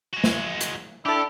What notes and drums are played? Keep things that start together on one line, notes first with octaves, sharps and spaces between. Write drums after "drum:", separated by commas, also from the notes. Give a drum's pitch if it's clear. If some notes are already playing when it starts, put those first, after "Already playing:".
G#3 F#4
drum: snare
drum: hi-hat
D4 E4 G4 A4